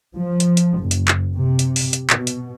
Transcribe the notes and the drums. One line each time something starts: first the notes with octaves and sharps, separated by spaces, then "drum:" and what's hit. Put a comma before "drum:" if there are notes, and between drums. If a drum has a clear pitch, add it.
F3
drum: hi-hat
drum: hi-hat
F#1
drum: hi-hat
drum: clap
C3
drum: hi-hat
drum: open hi-hat
drum: hi-hat
B2, drum: clap
drum: hi-hat